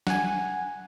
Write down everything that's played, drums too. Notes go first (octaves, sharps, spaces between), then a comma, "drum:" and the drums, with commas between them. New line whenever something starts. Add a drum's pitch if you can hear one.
F#5 G#5, drum: snare